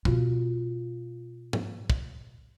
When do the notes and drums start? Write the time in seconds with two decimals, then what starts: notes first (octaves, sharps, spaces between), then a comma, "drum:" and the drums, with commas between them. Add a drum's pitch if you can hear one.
0.05 B2 F4, drum: kick
1.53 drum: tom G#2
1.90 drum: kick